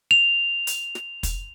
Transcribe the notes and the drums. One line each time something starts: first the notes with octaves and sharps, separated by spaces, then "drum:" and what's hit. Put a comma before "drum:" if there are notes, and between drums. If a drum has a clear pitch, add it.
F7
drum: hi-hat
drum: snare
drum: kick, hi-hat